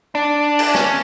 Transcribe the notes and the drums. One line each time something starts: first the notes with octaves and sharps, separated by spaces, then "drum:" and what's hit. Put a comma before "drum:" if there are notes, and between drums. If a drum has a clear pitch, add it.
D4
drum: cymbal
C#4, drum: snare